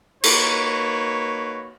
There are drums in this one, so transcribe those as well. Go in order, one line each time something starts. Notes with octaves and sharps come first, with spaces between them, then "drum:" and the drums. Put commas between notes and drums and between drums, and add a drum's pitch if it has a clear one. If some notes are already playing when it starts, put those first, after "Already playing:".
A#3 D#4 F#4 B4 C#5, drum: cymbal